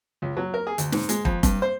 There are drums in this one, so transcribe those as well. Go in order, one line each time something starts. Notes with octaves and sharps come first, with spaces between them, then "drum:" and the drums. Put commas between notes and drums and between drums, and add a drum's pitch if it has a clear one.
C#2
F#3
A#4
G#4
D2, drum: hi-hat
G#2, drum: snare
G#3, drum: hi-hat
F2, drum: kick
G2, drum: kick, hi-hat
C5